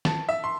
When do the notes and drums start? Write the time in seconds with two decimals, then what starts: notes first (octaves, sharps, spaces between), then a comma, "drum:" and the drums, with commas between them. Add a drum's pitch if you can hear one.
0.05 A5, drum: snare
0.29 E5
0.44 C6